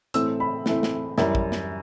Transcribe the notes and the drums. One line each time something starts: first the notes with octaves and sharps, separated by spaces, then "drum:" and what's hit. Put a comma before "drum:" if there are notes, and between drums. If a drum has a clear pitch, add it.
A2 E3 A3 C4 E6, drum: hi-hat
B5
A2 E3 A3 C4, drum: snare
drum: snare
F#2 E3 G3, drum: snare
drum: kick
drum: snare